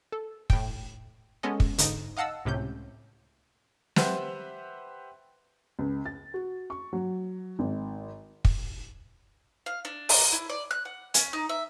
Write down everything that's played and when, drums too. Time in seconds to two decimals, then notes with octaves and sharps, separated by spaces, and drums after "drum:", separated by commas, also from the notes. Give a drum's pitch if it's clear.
0.12 A4
0.50 A2 G5, drum: kick
1.43 G#3 B3 C#4 A4 D#5
1.60 drum: kick
1.78 G#2 D3 D#4, drum: hi-hat
2.17 D#5 F5 F#5 A5 E6
2.45 C#2 A2 C3 C#4 G6
3.96 G4 B4 C5 E5 F#5, drum: snare
5.79 C#2
6.06 A6
6.34 F#4
6.70 C#6
6.93 F#3
7.59 G#1
8.45 drum: kick
9.66 F5
9.85 D4
10.09 A#3, drum: open hi-hat
10.32 E4
10.49 D5
10.71 F#6
10.85 F#5
11.14 C#4, drum: hi-hat
11.33 D#4
11.49 E5